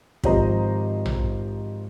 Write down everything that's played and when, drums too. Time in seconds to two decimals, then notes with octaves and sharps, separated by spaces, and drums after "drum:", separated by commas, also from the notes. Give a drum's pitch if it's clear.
0.23 G#1 F3 G4 C5 D#5 A#5, drum: kick
1.06 drum: tom A#1